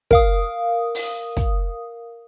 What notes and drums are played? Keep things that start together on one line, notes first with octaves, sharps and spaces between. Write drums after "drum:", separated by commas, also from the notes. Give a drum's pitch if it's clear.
A#4 F5 D#6, drum: kick, hi-hat
drum: open hi-hat
drum: kick, hi-hat